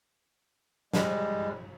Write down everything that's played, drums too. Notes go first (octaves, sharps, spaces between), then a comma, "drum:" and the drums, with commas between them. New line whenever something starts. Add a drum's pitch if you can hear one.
G3 G#3, drum: snare